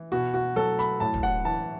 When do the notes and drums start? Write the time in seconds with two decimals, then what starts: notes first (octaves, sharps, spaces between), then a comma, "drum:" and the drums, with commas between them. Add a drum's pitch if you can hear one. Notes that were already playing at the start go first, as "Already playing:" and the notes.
Already playing: E3
0.12 B2 F#4
0.34 F#4
0.56 F#3 A4
0.79 B5, drum: hi-hat
1.00 A2 A5
1.14 drum: kick
1.23 F#5
1.45 E3 A5